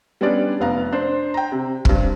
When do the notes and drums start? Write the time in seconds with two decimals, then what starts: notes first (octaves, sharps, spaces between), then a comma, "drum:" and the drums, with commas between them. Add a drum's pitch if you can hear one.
0.21 G3 B3 C#4 D4 D5
0.60 F1 B3 F5 A#5
0.92 D4 C5
1.34 G5 A#5
1.52 C3
1.85 G2 C4, drum: kick